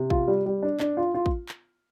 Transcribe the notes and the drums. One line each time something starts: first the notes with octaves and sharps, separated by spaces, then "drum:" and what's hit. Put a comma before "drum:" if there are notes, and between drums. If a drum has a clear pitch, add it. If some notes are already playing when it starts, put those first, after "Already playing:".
Already playing: C3
F4, drum: kick
G3
G3
D4
D4, drum: clap
F4
F4
drum: kick
drum: clap